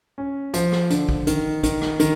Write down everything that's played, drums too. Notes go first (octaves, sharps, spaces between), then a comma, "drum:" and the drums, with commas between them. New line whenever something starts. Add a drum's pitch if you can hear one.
C#4
F3, drum: hi-hat
drum: rim click
D3, drum: hi-hat
drum: kick A#1
D#3, drum: hi-hat
D#3, drum: kick A#1, hi-hat
drum: rim click
D#3, drum: hi-hat